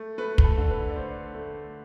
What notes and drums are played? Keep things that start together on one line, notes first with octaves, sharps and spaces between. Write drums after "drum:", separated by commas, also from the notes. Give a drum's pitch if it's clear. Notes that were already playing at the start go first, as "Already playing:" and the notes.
Already playing: A3
A3 B4
B4, drum: kick
A4
D3
B4
D5
A3 C5
A3